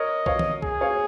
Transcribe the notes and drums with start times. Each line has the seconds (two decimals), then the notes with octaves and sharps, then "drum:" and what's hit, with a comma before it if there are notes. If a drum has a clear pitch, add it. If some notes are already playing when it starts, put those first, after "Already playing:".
Already playing: A#4 C#5 D#5
0.26 C#5 F5, drum: kick C2
0.39 drum: tom D#3
0.62 G#4, drum: kick C2
0.81 C#5 F5